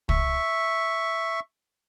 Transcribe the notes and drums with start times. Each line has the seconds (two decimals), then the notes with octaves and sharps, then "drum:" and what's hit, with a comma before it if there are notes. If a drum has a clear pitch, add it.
0.09 E5 C#6, drum: kick